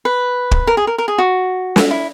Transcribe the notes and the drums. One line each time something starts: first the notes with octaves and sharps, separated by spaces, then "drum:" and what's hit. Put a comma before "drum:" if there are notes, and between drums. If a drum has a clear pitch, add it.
B4
drum: kick
A#4
G#4
A#4
A#4
G#4
F#4
drum: snare
E4